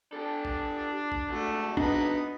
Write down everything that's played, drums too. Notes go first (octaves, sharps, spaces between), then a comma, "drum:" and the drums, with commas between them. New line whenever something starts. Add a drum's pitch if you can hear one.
D4 G4 A4
drum: kick
drum: kick
C#2 A3 F#4
B3 D4 D#4, drum: kick